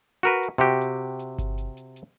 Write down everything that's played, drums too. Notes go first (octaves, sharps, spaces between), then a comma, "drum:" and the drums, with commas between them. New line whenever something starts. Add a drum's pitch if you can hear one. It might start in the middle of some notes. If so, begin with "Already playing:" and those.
F#4 A#4 B4, drum: hi-hat
drum: hi-hat
C3 F#4 G4
drum: hi-hat
drum: hi-hat
drum: kick G1, hi-hat
drum: hi-hat
drum: hi-hat
drum: hi-hat